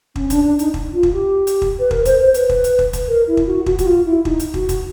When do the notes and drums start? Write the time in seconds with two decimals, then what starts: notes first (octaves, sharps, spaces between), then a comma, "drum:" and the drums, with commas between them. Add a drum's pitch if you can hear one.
0.16 C#4, drum: kick
0.30 D4, drum: kick, hi-hat
0.44 D4
0.59 D#4, drum: hi-hat
0.74 drum: kick
0.93 F4
1.03 drum: kick
1.13 G4
1.47 drum: hi-hat
1.62 drum: kick
1.79 B4
1.91 A#4, drum: kick
2.05 C5, drum: kick, hi-hat
2.20 C5
2.34 B4, drum: hi-hat
2.49 drum: kick
2.64 drum: hi-hat
2.79 drum: kick
2.93 drum: kick, hi-hat
3.08 A#4
3.28 E4
3.37 drum: kick
3.47 F#4
3.66 F#4, drum: kick
3.79 F#4, drum: kick, hi-hat
3.86 F4
4.05 E4
4.25 D#4, drum: kick
4.40 drum: hi-hat
4.54 F#4, drum: kick
4.69 drum: kick, hi-hat